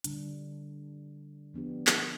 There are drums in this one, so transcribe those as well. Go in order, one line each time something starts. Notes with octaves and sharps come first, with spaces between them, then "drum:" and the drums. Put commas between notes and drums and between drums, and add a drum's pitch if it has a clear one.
D3 G3 D4, drum: hi-hat
F3 B3 D4 G4
drum: clap